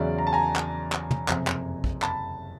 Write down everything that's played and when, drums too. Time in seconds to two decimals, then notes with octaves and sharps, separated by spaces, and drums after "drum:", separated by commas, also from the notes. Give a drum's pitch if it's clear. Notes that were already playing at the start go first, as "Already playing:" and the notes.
Already playing: E2 C#3 F#3 D5 E5
0.18 A#5
0.27 A5
0.33 G#5 A#5
0.56 drum: clap
0.92 drum: clap
1.11 drum: tom
1.28 F#1 F2 C3, drum: clap
1.47 drum: clap
1.84 drum: kick A#1
2.02 A5 B5, drum: clap